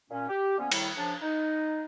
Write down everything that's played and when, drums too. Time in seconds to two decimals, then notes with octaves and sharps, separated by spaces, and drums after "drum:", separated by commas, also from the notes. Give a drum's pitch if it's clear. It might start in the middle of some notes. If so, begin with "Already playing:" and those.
0.11 A#2 C#4
0.28 G4
0.58 D3 F3 A#3 B3 C#4
0.72 A2 C3 D#3 G3 E4, drum: cymbal
0.97 C#3 F3 D4
1.22 D#4